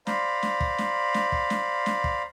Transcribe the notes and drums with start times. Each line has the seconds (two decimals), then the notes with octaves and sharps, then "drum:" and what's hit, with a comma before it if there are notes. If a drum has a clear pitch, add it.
0.07 C5 D5 F5 A#5 B5, drum: snare
0.43 drum: snare
0.60 drum: kick
0.78 drum: snare
1.14 drum: snare
1.32 drum: kick
1.50 drum: snare
1.86 drum: snare
2.04 drum: kick